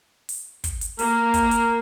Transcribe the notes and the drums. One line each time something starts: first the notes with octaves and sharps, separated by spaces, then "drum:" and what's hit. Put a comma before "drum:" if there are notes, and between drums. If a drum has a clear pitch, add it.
drum: open hi-hat
drum: kick, hi-hat
drum: hi-hat
A#3 A#4, drum: open hi-hat
drum: kick, hi-hat
drum: hi-hat